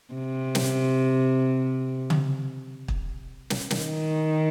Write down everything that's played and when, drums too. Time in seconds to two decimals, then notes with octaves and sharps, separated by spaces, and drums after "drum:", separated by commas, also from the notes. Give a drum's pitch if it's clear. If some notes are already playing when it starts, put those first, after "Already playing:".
0.14 C3
0.55 drum: snare
2.10 drum: tom C#3
2.88 drum: kick
3.50 drum: snare
3.71 D#3, drum: snare